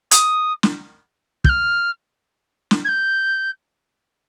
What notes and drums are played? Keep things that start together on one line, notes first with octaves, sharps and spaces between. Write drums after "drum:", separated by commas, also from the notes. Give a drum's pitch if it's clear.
D#6, drum: hi-hat
drum: snare
G6, drum: kick
F6
drum: snare
G#6
G6